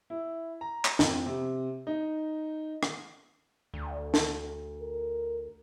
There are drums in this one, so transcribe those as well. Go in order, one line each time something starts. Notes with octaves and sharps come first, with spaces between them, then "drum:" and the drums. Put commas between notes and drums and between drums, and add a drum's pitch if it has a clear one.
E4
A#5
drum: clap
F2, drum: snare
C3
D#4
drum: rim click
D2
drum: snare
A#4